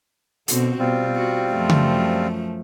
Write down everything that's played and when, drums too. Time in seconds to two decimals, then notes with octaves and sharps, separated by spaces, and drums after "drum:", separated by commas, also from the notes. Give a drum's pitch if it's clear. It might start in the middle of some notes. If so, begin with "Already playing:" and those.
0.48 B2 D3 C4 F#4, drum: hi-hat
0.79 B2 G3 C4 F4
1.16 F#4
1.51 F#2 F3 A3
1.69 drum: tom C#3